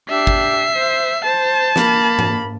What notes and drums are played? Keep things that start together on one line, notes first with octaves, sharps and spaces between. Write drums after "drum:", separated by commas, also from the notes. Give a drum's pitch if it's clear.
D4 G4 E5 C7
drum: kick
C5
C5 A5
A#3 B5, drum: snare
drum: tom